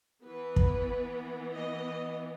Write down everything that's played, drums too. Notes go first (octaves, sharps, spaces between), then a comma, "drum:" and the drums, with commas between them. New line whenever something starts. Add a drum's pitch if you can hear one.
E3 B3 B4
drum: kick
D#5